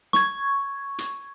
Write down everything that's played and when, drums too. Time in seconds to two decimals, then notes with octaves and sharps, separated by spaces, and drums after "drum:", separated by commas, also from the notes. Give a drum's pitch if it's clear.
0.13 C#6 G#6, drum: snare
0.98 drum: hi-hat